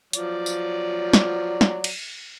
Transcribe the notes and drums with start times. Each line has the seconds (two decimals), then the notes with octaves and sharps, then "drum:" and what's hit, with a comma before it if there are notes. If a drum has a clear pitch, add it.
0.13 F3 F#3 D5, drum: hi-hat
0.46 drum: tambourine
1.13 drum: snare
1.61 drum: snare
1.84 drum: cymbal